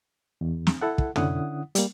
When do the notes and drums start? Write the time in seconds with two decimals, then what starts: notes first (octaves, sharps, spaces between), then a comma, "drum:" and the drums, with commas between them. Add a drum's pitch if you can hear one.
0.41 E2
0.67 drum: snare
0.81 E4 A4 F#5
0.98 drum: kick
1.16 D3 C#4 E4 F#5 D#6, drum: tom
1.75 G3 A#3, drum: hi-hat